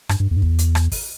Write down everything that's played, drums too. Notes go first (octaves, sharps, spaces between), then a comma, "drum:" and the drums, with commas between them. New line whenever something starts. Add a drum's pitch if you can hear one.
G2, drum: rim click
G2
E2
G2
E2, drum: kick
drum: hi-hat
drum: rim click
drum: kick, open hi-hat